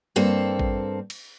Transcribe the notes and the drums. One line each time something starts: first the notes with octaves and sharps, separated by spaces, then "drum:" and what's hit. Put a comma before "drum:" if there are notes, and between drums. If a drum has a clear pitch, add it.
G2 A#3 C4 A4
drum: kick A1
drum: cymbal